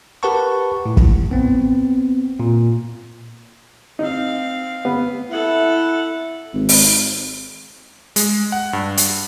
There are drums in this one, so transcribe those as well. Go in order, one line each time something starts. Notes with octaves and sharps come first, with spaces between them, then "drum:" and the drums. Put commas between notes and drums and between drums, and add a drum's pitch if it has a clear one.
G4 A#4 B4 F#5 A5 C#6
A2
drum: kick
B3 C4
A#2
C4 D#4 F5
B3
E4 A4 F#5
G#1
drum: open hi-hat
G#3, drum: hi-hat
F#5
G2
drum: hi-hat